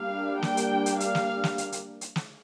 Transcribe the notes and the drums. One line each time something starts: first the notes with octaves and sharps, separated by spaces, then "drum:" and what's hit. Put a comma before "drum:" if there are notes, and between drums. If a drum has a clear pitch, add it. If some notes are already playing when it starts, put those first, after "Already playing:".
Already playing: G3 A#3 D4 F5
G5, drum: snare
drum: hi-hat
drum: hi-hat
F5, drum: hi-hat
drum: snare
drum: snare
drum: hi-hat
drum: hi-hat
drum: hi-hat
drum: snare